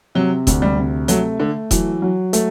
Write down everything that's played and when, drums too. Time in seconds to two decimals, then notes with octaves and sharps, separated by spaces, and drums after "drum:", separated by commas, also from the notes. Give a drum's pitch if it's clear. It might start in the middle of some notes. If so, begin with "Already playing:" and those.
0.15 C3 F#3
0.47 D2, drum: kick E1, hi-hat
0.62 G3
0.77 C3
1.08 F#3 A3, drum: hi-hat
1.40 D3 A3
1.71 E3 F#3, drum: kick E1, hi-hat
2.02 F#3
2.33 A3, drum: hi-hat